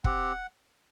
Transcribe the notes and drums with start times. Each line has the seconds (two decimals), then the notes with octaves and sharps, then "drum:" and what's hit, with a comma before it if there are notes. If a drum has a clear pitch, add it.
0.04 C4 G4 F#5, drum: kick